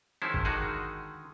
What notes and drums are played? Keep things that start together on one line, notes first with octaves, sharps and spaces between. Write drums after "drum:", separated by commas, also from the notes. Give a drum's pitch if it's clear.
D#3 F3 G#3 C#4 E4 C5
drum: kick
D3 D#3 G#3 D#4 F#4 G#4